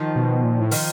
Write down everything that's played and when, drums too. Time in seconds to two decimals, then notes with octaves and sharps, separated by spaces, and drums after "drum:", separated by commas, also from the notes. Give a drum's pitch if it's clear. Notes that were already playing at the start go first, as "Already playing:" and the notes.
Already playing: D#3 F3
0.16 B2
0.44 A#2
0.60 A2
0.71 D#3 F3, drum: open hi-hat